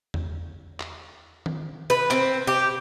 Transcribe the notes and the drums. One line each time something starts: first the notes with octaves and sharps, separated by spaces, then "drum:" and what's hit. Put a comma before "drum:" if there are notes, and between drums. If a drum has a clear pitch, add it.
drum: tom E2
drum: clap
drum: tom D#3
B4
C4, drum: clap
G4